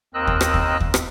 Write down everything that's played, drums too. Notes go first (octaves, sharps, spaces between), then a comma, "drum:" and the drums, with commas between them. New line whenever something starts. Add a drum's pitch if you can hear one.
D#2 C4 A#4 D#5 E6 F#6
drum: kick
drum: rim click
drum: kick
drum: kick
drum: rim click